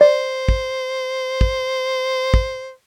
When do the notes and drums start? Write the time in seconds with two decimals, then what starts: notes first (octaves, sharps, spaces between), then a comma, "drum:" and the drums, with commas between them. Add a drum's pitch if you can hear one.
0.01 C5 D5
0.49 drum: kick
1.41 drum: kick
2.34 drum: kick